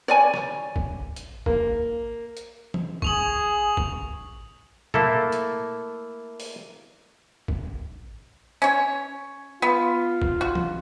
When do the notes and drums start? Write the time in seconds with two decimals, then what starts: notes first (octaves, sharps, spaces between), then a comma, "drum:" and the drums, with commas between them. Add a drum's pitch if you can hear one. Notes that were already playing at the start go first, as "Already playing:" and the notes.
0.08 C#5 D5 G#5
0.34 drum: rim click
0.76 drum: kick
1.16 drum: hi-hat
1.46 A#3, drum: kick
2.37 drum: hi-hat
2.74 drum: tom
3.02 G#4 C#6 F7 F#7, drum: kick
3.77 drum: kick
4.94 A3 A#3 E4 A4, drum: tom
5.32 drum: hi-hat
6.40 drum: open hi-hat
7.48 drum: kick
8.62 C#4 C#5
9.62 B3 F4
10.22 drum: kick
10.41 F#4
10.55 drum: tom